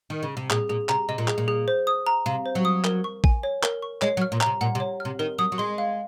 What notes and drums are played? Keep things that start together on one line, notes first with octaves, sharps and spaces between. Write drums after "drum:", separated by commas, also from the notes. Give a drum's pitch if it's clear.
D#3
C#3
C3
A#2 G#4, drum: clap
A#2 G#4
C3 A#5, drum: clap
C3 D#5
A#2
G#4, drum: clap
A#2
G#4
C5
D#6
A#5
C3 F5
C5
F#3
D#6
A#4, drum: clap
C#6
G#5, drum: kick A1
C#5
A#4, drum: clap
C#6
G#3 C#5, drum: clap
F#3
F6
A#2
A#5, drum: clap
C3
A#2 F#5
C3
C#5
C3 F6
D#3 A#4
F#3 D#6
F#3
G#3 C6
F5